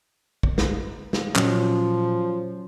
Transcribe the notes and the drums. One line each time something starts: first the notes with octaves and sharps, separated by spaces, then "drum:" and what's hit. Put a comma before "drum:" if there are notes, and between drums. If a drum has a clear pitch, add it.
drum: kick
drum: snare
drum: snare
A#2 F3 F#3 C#4, drum: clap